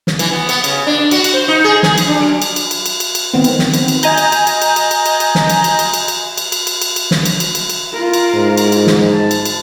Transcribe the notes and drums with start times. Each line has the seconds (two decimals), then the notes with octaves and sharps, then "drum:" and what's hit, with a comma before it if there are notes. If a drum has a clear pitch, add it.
0.07 drum: snare
0.19 E3, drum: cymbal
0.32 B3
0.49 B3, drum: cymbal
0.64 C#3, drum: cymbal
0.87 D4
1.11 F#4, drum: cymbal
1.24 drum: cymbal
1.34 C5
1.48 D#4
1.64 G#4
1.83 G#4, drum: snare
1.98 drum: cymbal
2.07 D4
2.21 F#3
2.42 drum: cymbal
2.56 drum: cymbal
2.71 drum: cymbal
2.86 drum: cymbal
3.00 drum: cymbal
3.15 drum: cymbal
3.34 D#3 B3 C4
3.44 drum: cymbal
3.59 drum: snare
3.74 drum: cymbal
3.88 drum: cymbal
4.03 D#5 G#5 A#5 G6, drum: cymbal
4.18 drum: cymbal
4.32 drum: cymbal
4.47 drum: cymbal
4.62 drum: cymbal
4.76 drum: cymbal
4.91 drum: cymbal
5.06 drum: cymbal
5.20 drum: cymbal
5.35 drum: snare
5.50 drum: cymbal
5.64 drum: cymbal
5.79 drum: cymbal
5.94 drum: cymbal
6.08 drum: cymbal
6.38 drum: cymbal
6.52 drum: cymbal
6.67 drum: cymbal
6.82 drum: cymbal
6.96 drum: cymbal
7.11 drum: snare
7.26 drum: cymbal
7.40 drum: cymbal
7.55 drum: cymbal
7.69 drum: cymbal
7.93 F4 A#4
8.13 drum: cymbal
8.34 G#2
8.57 drum: cymbal
8.72 drum: cymbal
8.87 drum: snare
9.10 A5
9.31 drum: cymbal
9.45 drum: cymbal